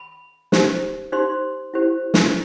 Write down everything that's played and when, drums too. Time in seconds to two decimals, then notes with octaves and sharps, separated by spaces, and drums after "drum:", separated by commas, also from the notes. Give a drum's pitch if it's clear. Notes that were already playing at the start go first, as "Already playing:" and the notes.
Already playing: B5
0.52 D#4 G4 C5, drum: snare
1.12 D#4 G4 C5 C6
1.74 E4 G4 C5
2.14 drum: snare